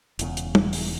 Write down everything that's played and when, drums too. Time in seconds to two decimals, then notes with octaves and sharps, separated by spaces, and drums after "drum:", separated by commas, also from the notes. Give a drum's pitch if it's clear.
0.19 E1 E2 C#3, drum: hi-hat
0.37 drum: hi-hat
0.55 drum: tom
0.73 drum: open hi-hat